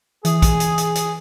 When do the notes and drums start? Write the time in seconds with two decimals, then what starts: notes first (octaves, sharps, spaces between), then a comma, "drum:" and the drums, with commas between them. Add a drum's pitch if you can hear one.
0.25 E3 G#4, drum: hi-hat
0.42 drum: kick, hi-hat
0.60 drum: hi-hat
0.78 drum: hi-hat
0.95 drum: hi-hat